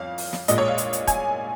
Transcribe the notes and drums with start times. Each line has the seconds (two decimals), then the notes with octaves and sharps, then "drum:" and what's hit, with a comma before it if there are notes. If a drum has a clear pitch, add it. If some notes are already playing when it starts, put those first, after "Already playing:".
Already playing: F2 F3 C#5 F5
0.18 drum: open hi-hat
0.33 drum: snare
0.48 A#1 A#2 G#3 D#5, drum: hi-hat
0.58 C#5
0.68 F5
0.78 drum: hi-hat
0.93 drum: hi-hat
1.07 G#5, drum: kick, hi-hat